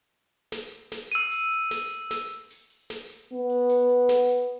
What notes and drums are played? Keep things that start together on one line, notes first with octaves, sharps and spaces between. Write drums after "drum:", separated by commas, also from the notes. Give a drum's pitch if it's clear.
drum: snare
drum: snare
E6 D#7, drum: open hi-hat
drum: hi-hat
drum: open hi-hat
drum: snare
drum: snare
drum: open hi-hat
drum: hi-hat
drum: open hi-hat
drum: snare
drum: hi-hat
B3
drum: open hi-hat
drum: hi-hat
drum: open hi-hat
drum: snare
drum: hi-hat